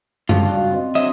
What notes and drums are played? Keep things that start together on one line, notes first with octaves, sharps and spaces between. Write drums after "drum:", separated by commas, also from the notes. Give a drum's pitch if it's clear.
G2 C#3 F4 A5, drum: tom F#2
F#4 D5 F5
C4 C5 D#5
F#3 C4 D4 D#5 E5